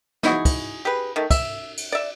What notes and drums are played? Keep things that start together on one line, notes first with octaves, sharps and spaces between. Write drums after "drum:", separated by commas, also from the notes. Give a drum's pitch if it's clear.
D#4 E4 F#4 G#4, drum: snare
drum: kick, cymbal
G4 G#4 B4
D#3 A3
E5, drum: kick, cymbal
drum: cymbal
D5 E5